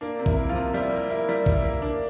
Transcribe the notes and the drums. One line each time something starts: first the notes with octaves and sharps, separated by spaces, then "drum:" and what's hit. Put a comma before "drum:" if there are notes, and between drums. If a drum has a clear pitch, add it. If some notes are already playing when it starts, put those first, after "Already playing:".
A#3 D4
C3
E4, drum: kick A#1
A#3
F3 F4
C3
G3 E4
A#3
A#3 E4
G3
A#3 E4, drum: kick A#1
A#3
A#3 D4